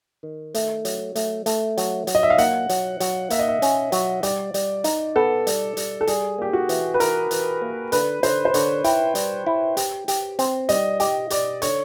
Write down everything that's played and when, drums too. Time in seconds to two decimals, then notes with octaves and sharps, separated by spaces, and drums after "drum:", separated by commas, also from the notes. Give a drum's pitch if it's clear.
0.23 D#3
0.54 A3, drum: hi-hat
0.85 F#3, drum: hi-hat
1.15 A3, drum: hi-hat
1.46 A3, drum: hi-hat
1.77 F#3, drum: hi-hat
2.07 F#3, drum: hi-hat
2.15 D#5
2.23 E5
2.30 F5
2.38 A#3 F#5, drum: hi-hat
2.69 F#3, drum: hi-hat
3.00 F#3, drum: hi-hat
3.30 A#3 E5, drum: hi-hat
3.39 D#5
3.48 E5
3.62 C#4, drum: hi-hat
3.92 F#3, drum: hi-hat
4.23 G3 D5, drum: hi-hat
4.54 G3, drum: hi-hat
4.84 D#4, drum: hi-hat
5.16 B3 A4
5.47 G3, drum: hi-hat
5.77 G3, drum: hi-hat
6.01 A4
6.07 G3 G#4, drum: hi-hat
6.38 A#3 G4
6.53 F#4
6.69 E3, drum: hi-hat
6.94 B4
7.00 E3 A#4, drum: hi-hat
7.31 E3, drum: hi-hat
7.62 A#3
7.92 D3 B4, drum: hi-hat
8.23 D3 C5, drum: hi-hat
8.45 C5
8.54 D3 C#5, drum: hi-hat
8.84 E4 G5, drum: hi-hat
9.15 G3, drum: hi-hat
9.47 E4
9.77 G4, drum: hi-hat
10.08 G4, drum: hi-hat
10.39 C4, drum: hi-hat
10.69 G3 D#5, drum: hi-hat
11.00 G4 D#5, drum: hi-hat
11.30 G4 D5, drum: hi-hat
11.62 D3 C#5, drum: hi-hat